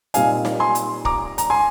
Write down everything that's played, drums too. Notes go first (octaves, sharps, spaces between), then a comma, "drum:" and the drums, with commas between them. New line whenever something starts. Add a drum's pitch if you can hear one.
A#2 G3 C4 D#4 F5 G#5, drum: hi-hat
drum: snare D#4
G#5 C6
drum: hi-hat
A#5 D6, drum: kick
A#5, drum: hi-hat
G#5 C6